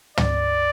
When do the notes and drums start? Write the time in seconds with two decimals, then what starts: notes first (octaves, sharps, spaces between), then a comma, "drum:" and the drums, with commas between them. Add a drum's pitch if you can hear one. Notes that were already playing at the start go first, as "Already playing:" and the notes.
0.17 D5, drum: tom